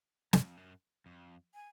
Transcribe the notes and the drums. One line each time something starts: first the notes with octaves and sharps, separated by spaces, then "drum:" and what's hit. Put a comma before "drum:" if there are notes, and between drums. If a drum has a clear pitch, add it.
F#2, drum: snare
F2
F#2
F2
G#5